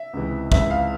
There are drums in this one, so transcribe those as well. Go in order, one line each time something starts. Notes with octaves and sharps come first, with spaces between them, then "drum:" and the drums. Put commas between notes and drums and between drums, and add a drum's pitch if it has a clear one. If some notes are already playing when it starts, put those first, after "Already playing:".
Already playing: E5
C#2 C3 E3
C#2 C3 E3 E5, drum: kick
F5